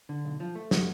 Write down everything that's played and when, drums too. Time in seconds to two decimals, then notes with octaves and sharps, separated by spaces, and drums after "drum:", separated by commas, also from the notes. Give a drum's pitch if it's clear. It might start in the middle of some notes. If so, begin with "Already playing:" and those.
0.09 D3
0.25 B1
0.40 F3
0.55 A3
0.71 F#3, drum: snare